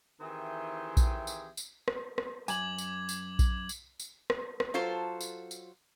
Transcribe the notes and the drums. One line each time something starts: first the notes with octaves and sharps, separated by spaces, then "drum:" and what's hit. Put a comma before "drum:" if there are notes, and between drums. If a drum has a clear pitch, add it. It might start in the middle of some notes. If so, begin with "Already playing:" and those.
D#3 E3 C4 E4 G4 G#4
drum: kick A#1, tambourine
drum: tambourine
drum: tambourine
drum: rim click
drum: rim click
F#2 G#5 D6 G#6 F#7, drum: tambourine
drum: tambourine
drum: tambourine
drum: kick A#1, tambourine
drum: tambourine
drum: tambourine
drum: rim click
drum: rim click
F#3 F4 A4 C5
drum: tambourine
drum: tambourine